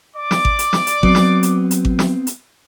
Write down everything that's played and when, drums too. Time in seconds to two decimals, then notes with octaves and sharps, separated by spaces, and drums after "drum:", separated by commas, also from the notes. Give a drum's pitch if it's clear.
0.17 D5 D6
0.31 drum: snare
0.45 drum: kick G#1
0.59 drum: hi-hat
0.73 drum: snare
0.87 drum: hi-hat
1.03 F#3 B3 C4, drum: kick G#1
1.15 drum: snare
1.43 drum: hi-hat
1.71 drum: hi-hat
1.85 drum: kick G#1
1.99 drum: snare
2.27 drum: hi-hat